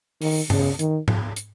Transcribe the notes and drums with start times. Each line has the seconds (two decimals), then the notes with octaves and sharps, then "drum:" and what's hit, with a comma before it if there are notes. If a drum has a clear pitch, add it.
0.22 D#3, drum: open hi-hat
0.50 C#3, drum: tom G2
0.79 D#3, drum: hi-hat
1.08 drum: tom G#2
1.36 drum: hi-hat